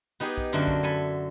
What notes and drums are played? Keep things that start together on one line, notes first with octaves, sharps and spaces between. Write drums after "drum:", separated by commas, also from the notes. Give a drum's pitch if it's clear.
B3 D#4 G4 G#4
drum: kick B1
F#2 D3 A3 A#3 F#4
drum: kick B1
A4 G#5 B5